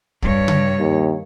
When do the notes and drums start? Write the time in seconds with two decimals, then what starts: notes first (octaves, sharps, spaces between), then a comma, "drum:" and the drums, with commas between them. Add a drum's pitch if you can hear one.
0.22 G2 C#5, drum: kick
0.48 drum: tom C#3
0.79 D#2